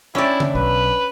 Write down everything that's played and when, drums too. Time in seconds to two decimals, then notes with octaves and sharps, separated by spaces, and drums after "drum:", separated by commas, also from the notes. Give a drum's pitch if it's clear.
0.15 C#4 D4 E4 D5 E5 G5
0.40 drum: tom C#3
0.55 B1 B4